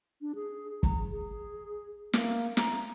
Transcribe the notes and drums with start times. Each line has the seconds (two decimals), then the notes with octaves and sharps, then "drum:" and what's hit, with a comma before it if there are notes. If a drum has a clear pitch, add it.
0.21 D4
0.35 G#4
0.83 A#5, drum: kick
1.11 G#4
2.13 A#3, drum: snare
2.57 A#5, drum: snare